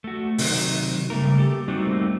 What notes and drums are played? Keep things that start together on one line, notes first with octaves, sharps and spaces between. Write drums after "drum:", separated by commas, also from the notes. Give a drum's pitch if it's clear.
A3 F#4
C3 D#3 F#3, drum: open hi-hat
C#3 G3 A3 A#3 A#4
G4 A4
G3 A3 A#3 C4 D#4 F#4